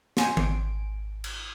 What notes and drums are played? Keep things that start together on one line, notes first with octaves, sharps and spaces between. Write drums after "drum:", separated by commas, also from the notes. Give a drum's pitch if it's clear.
G5 G#5 C6, drum: snare
G#1 D7, drum: tom D#3
drum: cymbal